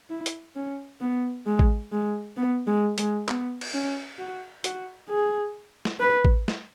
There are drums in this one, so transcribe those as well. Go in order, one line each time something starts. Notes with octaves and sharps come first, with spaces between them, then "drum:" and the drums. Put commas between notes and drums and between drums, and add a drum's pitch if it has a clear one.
E4
drum: hi-hat
C#4
B3
G#3
drum: kick A1
G#3
B3
G#3
G#3, drum: hi-hat
B3, drum: clap
drum: cymbal
C#4
F#4
F#4, drum: hi-hat
G#4
drum: snare
B4
drum: kick A1
drum: snare